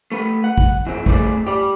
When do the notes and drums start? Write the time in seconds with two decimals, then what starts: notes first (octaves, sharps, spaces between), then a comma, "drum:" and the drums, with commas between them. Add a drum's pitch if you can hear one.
0.12 A3 B4
0.44 F#5
0.58 drum: kick
0.87 E3 C4
1.06 A3 C4 G#4 D5, drum: kick
1.47 G4 D5